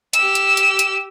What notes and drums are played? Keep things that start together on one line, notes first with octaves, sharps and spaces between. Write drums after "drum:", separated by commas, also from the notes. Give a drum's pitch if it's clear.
G4 E6, drum: hi-hat
drum: hi-hat
drum: hi-hat
drum: hi-hat